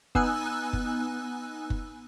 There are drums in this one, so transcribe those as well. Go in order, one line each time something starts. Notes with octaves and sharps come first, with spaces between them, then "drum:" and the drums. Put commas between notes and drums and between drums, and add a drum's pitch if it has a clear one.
B3 D#4 G#5 E6 F#6, drum: kick F#1
drum: kick F#1
drum: kick F#1